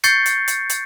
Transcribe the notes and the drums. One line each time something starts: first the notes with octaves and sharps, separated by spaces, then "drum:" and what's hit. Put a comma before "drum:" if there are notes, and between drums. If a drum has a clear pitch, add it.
C#6 G6 A6 C7 C#7, drum: hi-hat
drum: hi-hat
drum: hi-hat
drum: hi-hat